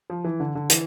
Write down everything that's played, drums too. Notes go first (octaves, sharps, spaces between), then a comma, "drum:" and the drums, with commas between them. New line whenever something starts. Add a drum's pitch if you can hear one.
F3
E3
D3
D3
E3, drum: hi-hat